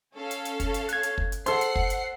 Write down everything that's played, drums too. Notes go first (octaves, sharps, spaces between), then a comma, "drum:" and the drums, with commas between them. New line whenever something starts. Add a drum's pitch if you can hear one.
C#4 A4 F5
drum: hi-hat
drum: hi-hat
drum: kick, hi-hat
drum: hi-hat
F#6 G#6, drum: hi-hat
drum: hi-hat
drum: kick
drum: hi-hat
A4 C5 F#5 C6 C7, drum: hi-hat
drum: hi-hat
drum: kick
drum: hi-hat